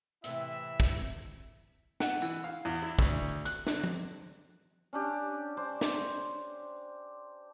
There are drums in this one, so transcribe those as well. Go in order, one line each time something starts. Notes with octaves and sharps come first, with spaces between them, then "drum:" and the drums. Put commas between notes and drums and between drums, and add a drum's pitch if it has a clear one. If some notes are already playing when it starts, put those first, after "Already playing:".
A2 C3 E3 E4 E5, drum: hi-hat
drum: kick
F#5, drum: snare
E3, drum: tambourine
F5
E2, drum: open hi-hat
E4
D2, drum: kick
F#6, drum: hi-hat
D3, drum: snare
drum: tom
C#4 D4 G4
D4 C5 D6
drum: snare